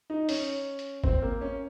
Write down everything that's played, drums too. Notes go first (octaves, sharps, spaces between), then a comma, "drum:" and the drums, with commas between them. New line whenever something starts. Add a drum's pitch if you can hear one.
D#4
C#4, drum: open hi-hat
drum: hi-hat
C4, drum: kick G#1
A#3
C#4